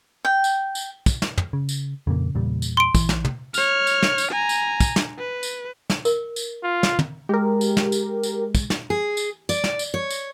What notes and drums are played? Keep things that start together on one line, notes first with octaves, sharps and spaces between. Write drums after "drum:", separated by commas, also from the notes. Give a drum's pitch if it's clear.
G5
drum: tambourine
drum: tambourine
drum: kick, tambourine
drum: snare
drum: tom
C#3
drum: tambourine
F2 A#2 C#3 A#3
E2 A#2 G3
drum: tambourine
C6 D7
A#1 E3, drum: kick, tambourine
drum: snare
drum: tom
C#5 F6, drum: tambourine
drum: tambourine
drum: snare
drum: tambourine
G#5 A#5
drum: tambourine
drum: kick, tambourine
drum: snare
B4
drum: tambourine
drum: snare
A#4, drum: tambourine
drum: tambourine
F4
drum: snare
drum: tom
G#3 G4 A#4
drum: tambourine
drum: snare
drum: tambourine
drum: tambourine
drum: kick, tambourine
drum: snare
G#4
drum: tambourine
D5, drum: tambourine
drum: snare
drum: tambourine
C#5
drum: tambourine